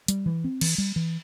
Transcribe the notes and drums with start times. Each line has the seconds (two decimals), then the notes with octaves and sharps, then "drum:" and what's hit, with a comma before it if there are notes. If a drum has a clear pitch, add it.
0.08 G3, drum: hi-hat
0.26 E3
0.44 C4
0.61 E3, drum: cymbal
0.78 G3
0.96 E3